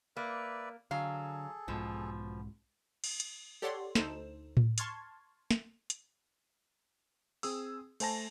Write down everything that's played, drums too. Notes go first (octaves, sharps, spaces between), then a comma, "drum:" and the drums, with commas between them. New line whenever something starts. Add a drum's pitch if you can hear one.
A#3 B4 D5 E5
D3 F#3 G#4 A4 F5
B1 G#2 B2 F3
drum: cymbal
drum: hi-hat
G4 A4 C#5 D5 F#5 C6
D2 D#4 A4 C5 E7, drum: snare
drum: tom A2
A5 C6 C#6 F6 G#6 A6, drum: hi-hat
drum: snare
drum: hi-hat
C4 G#4 D#6 E6, drum: open hi-hat
A3 C5 G#5 A5 A#6, drum: cymbal